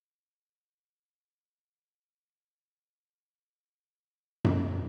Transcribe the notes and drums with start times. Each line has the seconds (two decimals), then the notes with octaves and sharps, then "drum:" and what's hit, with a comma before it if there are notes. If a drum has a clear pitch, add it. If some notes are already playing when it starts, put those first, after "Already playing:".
Already playing: C#2 C#3 G#3 C#5
0.12 G5
0.41 G5
0.69 C#2 C#3 G#3 G#5
1.13 G#5
1.56 G1 G2 D#3 G3 C4 G5
1.78 G5
1.99 F5
2.21 D#5
2.43 G1 G2 D#3 G3 C4 C#6
3.28 G2 D#3 G3 C4 C6
4.44 drum: tom F#2